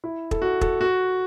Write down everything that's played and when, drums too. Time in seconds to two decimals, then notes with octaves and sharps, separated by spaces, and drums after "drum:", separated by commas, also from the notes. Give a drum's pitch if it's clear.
0.04 E4
0.31 A4, drum: kick
0.42 F#4
0.61 A4, drum: kick
0.81 F#4